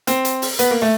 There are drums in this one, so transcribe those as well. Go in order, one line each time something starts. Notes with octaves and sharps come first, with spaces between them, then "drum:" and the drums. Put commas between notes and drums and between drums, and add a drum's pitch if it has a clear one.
C4, drum: hi-hat
drum: hi-hat
drum: open hi-hat
B3, drum: hi-hat
A#3
A3